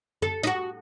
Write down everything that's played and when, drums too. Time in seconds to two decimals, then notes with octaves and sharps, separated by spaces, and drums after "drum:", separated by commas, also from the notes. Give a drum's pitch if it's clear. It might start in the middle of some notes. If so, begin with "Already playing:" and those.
0.22 A4, drum: tom F#2
0.43 D#4, drum: hi-hat
0.47 F#4